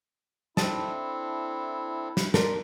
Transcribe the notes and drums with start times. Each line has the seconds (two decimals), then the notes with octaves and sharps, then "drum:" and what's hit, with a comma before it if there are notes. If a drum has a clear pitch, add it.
0.57 C4 D4 E4 A4 D#5 A5, drum: snare
2.17 drum: snare
2.34 B2 D4 A#4 D5 C6, drum: snare